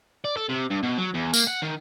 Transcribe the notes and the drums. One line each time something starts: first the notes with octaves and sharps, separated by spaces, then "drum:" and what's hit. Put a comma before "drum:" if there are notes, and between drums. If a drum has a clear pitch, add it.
D5
A4
C3
G2
B2
F#3
E2
A#3, drum: tambourine
F#5
D#3